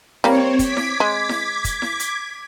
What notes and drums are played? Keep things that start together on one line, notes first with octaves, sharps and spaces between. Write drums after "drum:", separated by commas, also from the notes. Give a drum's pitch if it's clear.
G3 A#3 C4 C#5, drum: snare E4
D6 G#6 B6, drum: kick, hi-hat
drum: snare E4
G#3
drum: snare E4
drum: kick, hi-hat
drum: snare E4
drum: hi-hat